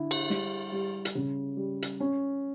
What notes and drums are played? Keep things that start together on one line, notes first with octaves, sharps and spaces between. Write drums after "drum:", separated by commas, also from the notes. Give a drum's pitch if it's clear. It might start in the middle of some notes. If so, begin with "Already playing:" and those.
Already playing: D3 E4
drum: cymbal
G3, drum: snare
G3
drum: hi-hat
C#3
G3
drum: hi-hat
C#4